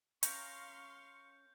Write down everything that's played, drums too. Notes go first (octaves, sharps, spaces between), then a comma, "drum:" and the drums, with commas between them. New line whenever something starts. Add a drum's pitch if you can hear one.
C#4 A#4 F5 C6 C#6 G6, drum: hi-hat